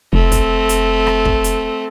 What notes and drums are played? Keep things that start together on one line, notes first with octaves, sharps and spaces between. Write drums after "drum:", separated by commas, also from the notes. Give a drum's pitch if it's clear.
F1 A3 C4
drum: kick, hi-hat
drum: hi-hat
drum: rim click
drum: kick
drum: hi-hat